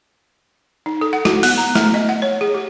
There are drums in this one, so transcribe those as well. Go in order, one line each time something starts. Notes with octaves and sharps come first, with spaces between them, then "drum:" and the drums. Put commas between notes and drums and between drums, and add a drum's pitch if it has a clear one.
D#4
A4
F#5
F#4, drum: snare
B3, drum: open hi-hat
A#5
A3, drum: snare
D#5
F#5
C#5
G#4
G4